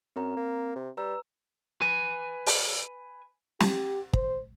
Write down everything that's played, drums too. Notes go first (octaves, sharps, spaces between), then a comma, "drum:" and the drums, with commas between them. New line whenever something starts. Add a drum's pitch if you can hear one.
F#2 C4 A#5
A#3
C3
G3 B4 A#5 E6
B4 G#5
drum: open hi-hat
G4, drum: snare
C5, drum: kick